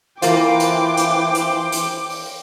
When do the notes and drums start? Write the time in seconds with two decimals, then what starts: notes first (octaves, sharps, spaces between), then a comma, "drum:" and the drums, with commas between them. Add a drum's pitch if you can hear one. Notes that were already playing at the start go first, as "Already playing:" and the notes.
0.22 E3 A#3 F4 C5 G5 D6, drum: hi-hat
0.60 drum: hi-hat
0.97 drum: hi-hat
1.35 drum: hi-hat
1.72 drum: hi-hat
2.10 drum: open hi-hat